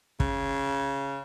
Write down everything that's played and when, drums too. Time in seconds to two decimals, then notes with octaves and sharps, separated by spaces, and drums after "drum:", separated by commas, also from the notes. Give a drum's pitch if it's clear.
0.20 C#3, drum: kick